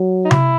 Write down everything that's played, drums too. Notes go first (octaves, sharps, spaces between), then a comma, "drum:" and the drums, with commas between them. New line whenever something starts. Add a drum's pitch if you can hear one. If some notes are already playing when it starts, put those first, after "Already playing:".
Already playing: F#3
D#4
E4, drum: tom C3